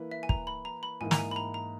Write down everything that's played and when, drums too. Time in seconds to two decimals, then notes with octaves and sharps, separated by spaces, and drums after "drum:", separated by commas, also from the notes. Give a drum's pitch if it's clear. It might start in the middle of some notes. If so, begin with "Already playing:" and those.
Already playing: E3 A#3 E4 B4
0.11 E5
0.23 G#5
0.29 A#5, drum: kick
0.47 B5
0.65 A#5
0.83 B5
1.01 G#2 E3 A#3 G#5
1.11 A#5, drum: snare
1.19 G#5
1.31 B5
1.36 A#5
1.54 A#5